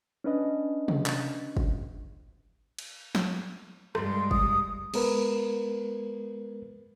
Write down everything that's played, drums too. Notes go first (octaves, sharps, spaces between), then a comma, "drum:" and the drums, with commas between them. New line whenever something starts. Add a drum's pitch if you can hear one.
C#4 D4 B4 D#5
drum: tom C3
drum: clap
drum: kick
drum: cymbal
drum: snare
G2 G#3 C6, drum: rim click
D#6, drum: kick
G#3 B3 A#4 B4, drum: cymbal